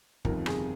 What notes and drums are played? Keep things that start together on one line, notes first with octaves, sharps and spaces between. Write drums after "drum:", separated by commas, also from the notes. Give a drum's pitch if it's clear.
G1 F2 C3 D#3 A#4, drum: kick
G#4, drum: rim click